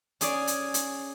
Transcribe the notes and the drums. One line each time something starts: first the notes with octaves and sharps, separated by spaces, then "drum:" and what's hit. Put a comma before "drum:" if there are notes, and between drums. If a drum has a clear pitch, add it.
C#4 G#4 D5, drum: hi-hat
drum: hi-hat
drum: hi-hat